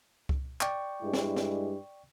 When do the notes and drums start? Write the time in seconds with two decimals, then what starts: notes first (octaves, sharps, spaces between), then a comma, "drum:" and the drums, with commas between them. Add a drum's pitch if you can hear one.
0.29 drum: kick C2
0.61 D5 G5 C#6, drum: clap
1.02 G2 G#3 E4
1.13 drum: snare
1.36 drum: snare